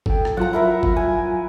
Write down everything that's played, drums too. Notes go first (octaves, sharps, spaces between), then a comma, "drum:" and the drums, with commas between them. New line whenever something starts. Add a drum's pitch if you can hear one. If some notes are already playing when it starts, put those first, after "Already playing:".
A4 G5, drum: kick G1
drum: rim click
F#3 F4 F#5 A#5
E4 A#4 E5
drum: kick G1
G#5